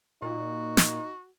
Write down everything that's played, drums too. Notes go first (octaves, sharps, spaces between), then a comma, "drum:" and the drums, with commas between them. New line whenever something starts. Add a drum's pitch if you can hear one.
A#2 D#4 F#4
drum: snare